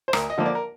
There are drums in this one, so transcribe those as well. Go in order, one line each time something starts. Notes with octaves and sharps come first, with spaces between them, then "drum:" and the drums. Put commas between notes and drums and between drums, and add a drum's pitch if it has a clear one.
C5
D2 A#4, drum: rim click
D#5
D3 F3 A#3
D5
A#4